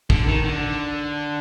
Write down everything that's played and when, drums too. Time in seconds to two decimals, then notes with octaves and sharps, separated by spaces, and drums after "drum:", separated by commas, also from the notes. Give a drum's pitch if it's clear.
0.10 D3, drum: kick
0.27 D#3
0.44 D3